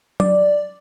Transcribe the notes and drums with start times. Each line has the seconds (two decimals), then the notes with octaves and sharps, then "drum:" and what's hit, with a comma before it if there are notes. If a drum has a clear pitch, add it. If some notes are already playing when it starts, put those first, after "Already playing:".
0.20 D5, drum: tom F#3